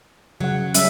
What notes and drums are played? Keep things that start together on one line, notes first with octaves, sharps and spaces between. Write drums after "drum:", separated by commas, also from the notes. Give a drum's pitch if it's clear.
C#3 F#3 F#5
G3 C#4 E5, drum: hi-hat